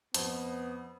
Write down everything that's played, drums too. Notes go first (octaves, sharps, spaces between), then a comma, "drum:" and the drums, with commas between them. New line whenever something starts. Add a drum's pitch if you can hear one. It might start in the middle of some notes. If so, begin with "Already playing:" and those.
F2 B3, drum: hi-hat